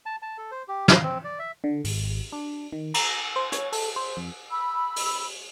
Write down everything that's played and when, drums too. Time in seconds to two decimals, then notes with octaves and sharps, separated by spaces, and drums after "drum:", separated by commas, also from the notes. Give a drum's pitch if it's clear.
0.06 A5
0.22 A5
0.38 A4
0.51 C5
0.68 G4
0.88 F5, drum: snare
1.03 C4
1.24 D5
1.39 E5
1.64 D3
1.84 G#1, drum: open hi-hat
2.32 D4
2.73 D#3
2.94 A#5, drum: cymbal
3.36 C5
3.52 C#5, drum: hi-hat
3.72 A4, drum: open hi-hat
3.96 C5
4.17 F2
4.51 B5 E6
4.96 drum: open hi-hat